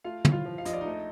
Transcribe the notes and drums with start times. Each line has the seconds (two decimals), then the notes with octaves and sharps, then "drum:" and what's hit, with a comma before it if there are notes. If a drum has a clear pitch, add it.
0.04 A3 F4 F5
0.25 A2, drum: tom
0.32 F4 F5
0.45 F3
0.58 F5
0.65 A#1 D#5, drum: hi-hat
0.73 D5
0.81 A3 D#4 D#5